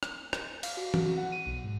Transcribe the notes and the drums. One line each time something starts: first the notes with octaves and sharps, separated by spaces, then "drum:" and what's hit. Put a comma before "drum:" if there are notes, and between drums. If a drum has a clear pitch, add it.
drum: rim click
drum: rim click
F5, drum: cymbal
F#4
F#4, drum: tom E3
F#4
F#5
D#7
B1
G#2